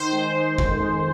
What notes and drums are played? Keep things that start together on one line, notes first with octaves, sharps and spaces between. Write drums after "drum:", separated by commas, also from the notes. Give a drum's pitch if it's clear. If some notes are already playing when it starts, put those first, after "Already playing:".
Already playing: D#3 C5
G#3
G#3
F2, drum: kick G1
G#3